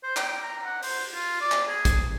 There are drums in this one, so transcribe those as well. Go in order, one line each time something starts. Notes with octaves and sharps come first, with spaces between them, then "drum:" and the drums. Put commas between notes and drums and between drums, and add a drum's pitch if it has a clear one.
C5
G5, drum: clap
A#5
F#5
C5, drum: open hi-hat
F4
D5
drum: clap
G#4
drum: kick, hi-hat